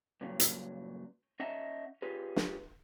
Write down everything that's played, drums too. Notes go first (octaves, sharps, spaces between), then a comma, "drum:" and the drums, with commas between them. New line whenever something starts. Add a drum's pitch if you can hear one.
G2 A#2 C#3 F#3
drum: hi-hat
C#4 D#5 E5 F#5 A5 A#5
F4 G4 G#4 B4
drum: snare